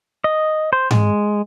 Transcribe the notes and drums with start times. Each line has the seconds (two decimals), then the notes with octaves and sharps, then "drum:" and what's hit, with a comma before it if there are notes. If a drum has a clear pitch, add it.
0.24 D#5
0.73 C5
0.91 G#3, drum: tom G#2